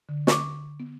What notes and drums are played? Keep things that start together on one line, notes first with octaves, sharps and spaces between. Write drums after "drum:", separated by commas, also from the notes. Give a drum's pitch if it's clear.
D3
C#6 D6, drum: snare
B3